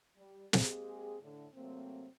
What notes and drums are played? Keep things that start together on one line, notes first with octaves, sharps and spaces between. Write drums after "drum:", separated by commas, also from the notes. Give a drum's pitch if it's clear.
G3
G#3 A#3 C4 G4 G#4, drum: snare
A2 D3
C3 F#3 A3 A#3 C4